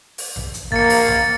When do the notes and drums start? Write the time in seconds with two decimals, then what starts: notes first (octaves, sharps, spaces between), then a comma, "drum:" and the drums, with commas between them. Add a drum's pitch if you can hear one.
0.18 drum: open hi-hat
0.36 drum: tom A#1
0.54 drum: hi-hat
0.72 A#3 A6 C#7, drum: kick
0.90 drum: open hi-hat
1.08 drum: tom A#1